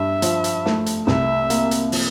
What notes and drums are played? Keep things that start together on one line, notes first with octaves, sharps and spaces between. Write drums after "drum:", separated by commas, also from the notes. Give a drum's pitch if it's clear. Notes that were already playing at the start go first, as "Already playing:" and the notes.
Already playing: G2 E5
F3, drum: hi-hat
drum: hi-hat
A3, drum: snare
drum: hi-hat
C2 E5, drum: snare
A#3, drum: hi-hat
drum: hi-hat
F3, drum: open hi-hat